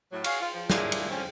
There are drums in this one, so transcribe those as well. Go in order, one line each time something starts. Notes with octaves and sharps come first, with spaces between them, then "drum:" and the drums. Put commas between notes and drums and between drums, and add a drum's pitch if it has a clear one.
A2 F#3
F#4 G#4 C#5 F5, drum: cymbal
F4
F3
G#3 A#3 D4 E4 F4 G4, drum: snare
drum: cymbal
D3 F3 C4 C#4